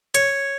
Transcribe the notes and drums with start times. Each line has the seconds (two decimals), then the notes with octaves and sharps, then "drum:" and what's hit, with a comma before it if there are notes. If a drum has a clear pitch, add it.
0.14 C#5, drum: hi-hat